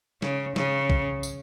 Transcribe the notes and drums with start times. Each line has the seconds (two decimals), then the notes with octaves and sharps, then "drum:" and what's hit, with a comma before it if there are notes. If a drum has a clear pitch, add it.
0.22 C#3, drum: snare
0.56 C#3, drum: snare
0.90 drum: kick A#1
1.23 drum: tambourine